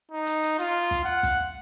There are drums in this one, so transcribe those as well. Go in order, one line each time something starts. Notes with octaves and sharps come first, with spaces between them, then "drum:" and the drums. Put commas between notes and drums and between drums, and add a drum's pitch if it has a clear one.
D#4
drum: hi-hat
drum: hi-hat
F4, drum: hi-hat
drum: kick, hi-hat
F#5
drum: kick, hi-hat